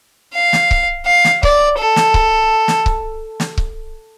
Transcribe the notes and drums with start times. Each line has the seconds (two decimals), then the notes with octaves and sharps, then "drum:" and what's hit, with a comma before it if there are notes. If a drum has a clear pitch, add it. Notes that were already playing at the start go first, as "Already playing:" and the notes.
0.34 F5
0.53 drum: snare
0.71 drum: kick C#1
1.06 F5
1.25 drum: snare
1.43 D5, drum: kick C#1
1.79 A4
1.96 drum: snare
2.14 drum: kick C#1
2.68 drum: snare
2.86 drum: kick C#1
3.40 drum: snare
3.58 drum: kick C#1